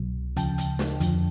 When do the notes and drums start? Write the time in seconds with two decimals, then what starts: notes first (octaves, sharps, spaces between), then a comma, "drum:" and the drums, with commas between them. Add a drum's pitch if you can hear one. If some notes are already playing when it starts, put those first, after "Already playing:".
Already playing: C2 B2 F#3
0.36 D2 C#3 F3 G5 A5, drum: hi-hat
0.58 drum: hi-hat
0.79 drum: snare
1.00 F2 D3 F3, drum: hi-hat